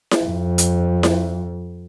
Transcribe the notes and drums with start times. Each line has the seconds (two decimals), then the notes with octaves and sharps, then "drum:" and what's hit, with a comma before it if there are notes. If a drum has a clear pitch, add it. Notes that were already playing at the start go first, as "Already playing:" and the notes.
0.11 drum: snare E4
0.24 F2
0.58 drum: hi-hat
1.03 drum: snare E4